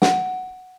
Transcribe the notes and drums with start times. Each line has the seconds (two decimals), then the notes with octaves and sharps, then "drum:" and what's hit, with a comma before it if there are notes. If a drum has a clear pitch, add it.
0.02 F#5, drum: snare